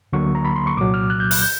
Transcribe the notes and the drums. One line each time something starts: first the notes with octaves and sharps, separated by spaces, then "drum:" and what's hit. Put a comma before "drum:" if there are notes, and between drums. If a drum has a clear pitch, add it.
D2 D3 F#3 A#3 C#6
A#5
B5
C6
C#6
C2 A#2 F#3 D6
F6
F#6
G6
F#6, drum: open hi-hat
G6